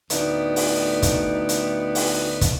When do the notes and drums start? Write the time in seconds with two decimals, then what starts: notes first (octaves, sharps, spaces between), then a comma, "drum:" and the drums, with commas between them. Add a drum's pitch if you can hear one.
0.10 D2 A2 B3 D#4 D5, drum: hi-hat
0.56 drum: open hi-hat
1.02 drum: kick, hi-hat
1.49 drum: hi-hat
1.95 drum: open hi-hat
2.41 drum: kick, hi-hat